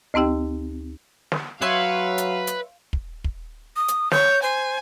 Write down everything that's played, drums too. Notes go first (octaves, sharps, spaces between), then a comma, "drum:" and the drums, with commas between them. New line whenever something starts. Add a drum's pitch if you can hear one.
D2 C4 D#4 G4 G5
drum: snare
F#3 B4 C#5 E5 F5 C6
drum: hi-hat
drum: hi-hat
drum: kick
drum: kick
D#6
drum: hi-hat
C#5 G6, drum: snare
C5 G#5